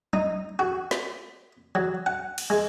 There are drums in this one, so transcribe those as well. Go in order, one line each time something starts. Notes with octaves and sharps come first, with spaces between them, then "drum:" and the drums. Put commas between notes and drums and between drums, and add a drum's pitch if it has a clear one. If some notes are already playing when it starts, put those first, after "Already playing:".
D#4, drum: tom
F#4
drum: snare
F#3
F#5
drum: cymbal
G#3